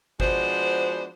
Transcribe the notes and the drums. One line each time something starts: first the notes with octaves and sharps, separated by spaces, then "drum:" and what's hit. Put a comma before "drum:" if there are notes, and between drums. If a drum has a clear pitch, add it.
F3 G#3 B3 D4 F#4 C5, drum: kick G1